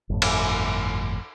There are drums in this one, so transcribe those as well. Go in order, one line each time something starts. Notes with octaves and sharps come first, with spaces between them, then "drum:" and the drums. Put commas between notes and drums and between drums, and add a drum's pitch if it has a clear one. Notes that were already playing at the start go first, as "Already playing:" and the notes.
G1 F2 A2
drum: cymbal